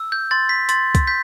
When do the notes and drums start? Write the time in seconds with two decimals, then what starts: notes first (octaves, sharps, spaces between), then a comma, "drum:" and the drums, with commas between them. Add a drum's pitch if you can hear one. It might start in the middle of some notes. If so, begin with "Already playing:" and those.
Already playing: E6
0.12 G6
0.31 C6 A6
0.49 B6
0.69 C6 A6, drum: hi-hat
0.95 drum: kick, hi-hat
1.07 G6 B6